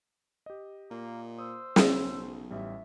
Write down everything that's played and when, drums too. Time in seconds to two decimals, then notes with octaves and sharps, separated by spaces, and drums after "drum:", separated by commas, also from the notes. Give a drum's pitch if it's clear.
0.46 G4 D#5
0.91 A#2 A#3
1.38 C5 D#6 E6
1.76 B1 C#3, drum: snare
2.50 A1 G3 E5